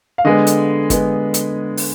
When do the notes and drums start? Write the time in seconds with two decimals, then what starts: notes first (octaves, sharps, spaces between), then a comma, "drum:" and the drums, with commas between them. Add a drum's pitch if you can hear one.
0.18 F5
0.25 D3 G#3 B3 D#5
0.47 drum: hi-hat
0.90 D3 G#3 B3, drum: kick G1, hi-hat
1.34 drum: hi-hat
1.77 drum: open hi-hat